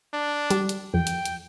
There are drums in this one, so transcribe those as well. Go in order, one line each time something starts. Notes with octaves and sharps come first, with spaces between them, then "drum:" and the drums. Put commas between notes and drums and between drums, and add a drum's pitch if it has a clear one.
D4
G3, drum: hi-hat
drum: hi-hat
F2 G5
drum: hi-hat
drum: hi-hat